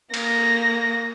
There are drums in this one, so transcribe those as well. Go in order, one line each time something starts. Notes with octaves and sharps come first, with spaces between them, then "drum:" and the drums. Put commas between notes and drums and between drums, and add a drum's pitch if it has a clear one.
A#3 A#6, drum: cymbal